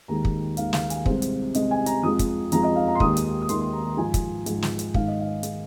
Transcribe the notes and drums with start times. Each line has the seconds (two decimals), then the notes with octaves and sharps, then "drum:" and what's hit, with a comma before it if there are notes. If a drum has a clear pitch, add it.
0.08 D#2 D#3 G#3 A#5
0.25 drum: kick
0.57 D#2 D#3 G#3 F5, drum: hi-hat
0.73 F5, drum: snare
0.90 G#5, drum: hi-hat
1.06 C2 C3 G#3 C5, drum: kick
1.22 drum: hi-hat
1.54 C2 C3 G#3 D#5, drum: hi-hat
1.71 G#5
1.86 A#5, drum: hi-hat
2.03 F2 F3 G#3 D#6
2.19 drum: kick, hi-hat
2.52 F2 F3 G#3 A#5, drum: hi-hat
2.63 D#5
2.76 F5
2.88 A#5
2.95 C6
3.00 D#2 D#3 G#3 D#6, drum: kick
3.17 drum: hi-hat
3.42 D#6
3.49 D#2 D#3 G#3 C6, drum: hi-hat
3.61 C6
3.73 A#5
3.86 A#5
3.97 G#2 F3 G#3 G#5
4.14 drum: kick, hi-hat
4.46 G#2 F3 G#3, drum: hi-hat
4.62 drum: snare
4.79 drum: hi-hat
4.94 G#2 D#3 G#3 F5, drum: kick
5.07 D#5
5.20 F5
5.43 D#3 G#3, drum: hi-hat